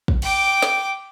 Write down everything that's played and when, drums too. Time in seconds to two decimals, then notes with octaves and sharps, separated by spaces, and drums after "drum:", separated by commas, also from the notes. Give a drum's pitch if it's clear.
0.08 drum: kick
0.22 G5 D6, drum: cymbal
0.62 drum: snare